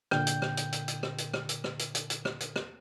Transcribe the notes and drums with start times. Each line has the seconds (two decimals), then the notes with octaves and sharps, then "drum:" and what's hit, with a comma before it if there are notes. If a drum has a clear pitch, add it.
0.11 A#2 D3 G5 G6, drum: rim click
0.27 drum: hi-hat
0.42 drum: rim click
0.57 drum: hi-hat
0.72 drum: hi-hat
0.88 drum: hi-hat
1.03 drum: rim click
1.18 drum: hi-hat
1.34 drum: rim click
1.49 drum: hi-hat
1.64 drum: rim click
1.79 drum: hi-hat
1.95 drum: hi-hat
2.10 drum: hi-hat
2.25 drum: rim click
2.40 drum: hi-hat
2.56 drum: rim click